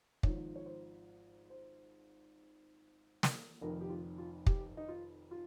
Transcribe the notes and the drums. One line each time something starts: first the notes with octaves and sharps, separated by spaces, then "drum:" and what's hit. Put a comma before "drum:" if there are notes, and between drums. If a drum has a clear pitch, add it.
G#1 G#2 F3 C#5, drum: kick
C#5
C5
C5
drum: snare
F1 F2 D#3 A#4
G4
F4
F4
G4, drum: kick
D#4
F4
F4